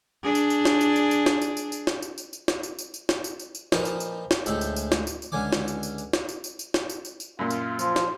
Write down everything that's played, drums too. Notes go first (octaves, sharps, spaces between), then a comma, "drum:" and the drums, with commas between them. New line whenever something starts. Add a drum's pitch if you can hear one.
D4 G#4
drum: tambourine
drum: tambourine
drum: snare
drum: tambourine
drum: tambourine
drum: tambourine
drum: snare
drum: tambourine
drum: tambourine
drum: tambourine
drum: snare
drum: tambourine
drum: tambourine
drum: tambourine
drum: snare
drum: tambourine
drum: tambourine
drum: tambourine
drum: snare
drum: tambourine
drum: tambourine
drum: tambourine
A#2 F3 D#4 B4 A5 D#6, drum: snare
drum: tambourine
drum: tambourine
drum: snare
D2 A2 G#3 A4 G5, drum: tambourine
drum: tambourine
drum: tambourine
drum: snare
drum: tambourine
drum: tambourine
C#2 D3 C#4 G#5 D6
drum: snare
drum: tambourine
drum: tambourine
drum: tambourine
drum: snare
drum: tambourine
drum: tambourine
drum: tambourine
drum: snare
drum: tambourine
drum: tambourine
drum: tambourine
F#2 A#2 F4
drum: tambourine
F3 C6, drum: tambourine
drum: snare